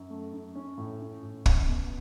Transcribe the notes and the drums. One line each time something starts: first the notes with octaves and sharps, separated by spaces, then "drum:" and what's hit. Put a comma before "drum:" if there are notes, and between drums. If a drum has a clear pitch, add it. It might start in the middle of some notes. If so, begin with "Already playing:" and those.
Already playing: F#2
A3
F#2
C#4
A2
C#4
A2
C#4, drum: kick
B2